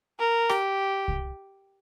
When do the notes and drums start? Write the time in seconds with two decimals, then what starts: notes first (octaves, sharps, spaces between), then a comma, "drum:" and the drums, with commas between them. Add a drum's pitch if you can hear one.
0.20 A#4
0.49 G4, drum: rim click
1.08 drum: kick C2